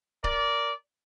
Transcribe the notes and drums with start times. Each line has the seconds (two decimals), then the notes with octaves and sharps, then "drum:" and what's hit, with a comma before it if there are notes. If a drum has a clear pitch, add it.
0.24 A#4 D5, drum: kick